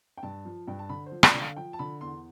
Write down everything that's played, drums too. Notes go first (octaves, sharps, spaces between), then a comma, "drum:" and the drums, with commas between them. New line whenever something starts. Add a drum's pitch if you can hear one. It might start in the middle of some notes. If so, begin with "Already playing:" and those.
G5
G2 A5
F3
G2 G5
A5
D3 B5
C5
F3
D5, drum: rim click
D3
F5
F3 G5
A5
D3 B5
E2 C6